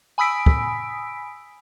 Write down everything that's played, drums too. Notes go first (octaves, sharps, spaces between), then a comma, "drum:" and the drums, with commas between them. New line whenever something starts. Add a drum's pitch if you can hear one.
G#5 B5 D#6 E6 B6 D7
drum: kick